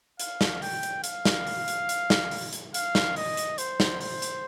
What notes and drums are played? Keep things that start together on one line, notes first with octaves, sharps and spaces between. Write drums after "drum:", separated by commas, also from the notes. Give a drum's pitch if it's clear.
F5, drum: hi-hat
drum: snare
G5, drum: open hi-hat
drum: hi-hat
F5, drum: hi-hat
drum: snare
drum: open hi-hat
drum: hi-hat
drum: hi-hat
drum: snare
drum: open hi-hat
drum: hi-hat
F5, drum: hi-hat
drum: snare
D#5, drum: open hi-hat
drum: hi-hat
C5, drum: hi-hat
drum: snare
C5, drum: open hi-hat
drum: hi-hat